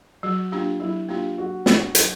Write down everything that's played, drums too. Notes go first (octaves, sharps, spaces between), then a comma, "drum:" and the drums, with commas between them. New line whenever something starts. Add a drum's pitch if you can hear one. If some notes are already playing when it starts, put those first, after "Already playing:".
F#3 F#4
A#3 D4 F4 G4
F#3 E4
A#3 D4 F4 G4
F#3 F#4
A#3 D4 G4, drum: snare
F#3, drum: hi-hat